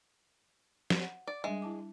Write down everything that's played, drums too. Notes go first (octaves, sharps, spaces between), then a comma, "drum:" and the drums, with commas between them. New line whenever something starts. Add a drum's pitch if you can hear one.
drum: snare
F#5
D5
G3 G#3 D4 E5
E4 A5 D6